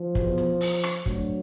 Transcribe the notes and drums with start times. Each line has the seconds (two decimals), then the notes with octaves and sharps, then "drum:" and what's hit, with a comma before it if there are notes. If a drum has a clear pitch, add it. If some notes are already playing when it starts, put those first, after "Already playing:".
Already playing: F3
0.15 E2 B2, drum: kick, hi-hat
0.38 drum: hi-hat
0.61 drum: open hi-hat
0.83 drum: rim click
1.06 D2 D3 F#3, drum: kick, hi-hat